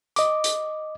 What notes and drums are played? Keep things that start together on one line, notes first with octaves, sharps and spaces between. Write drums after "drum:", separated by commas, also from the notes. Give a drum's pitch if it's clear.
D#5 D6, drum: hi-hat
drum: hi-hat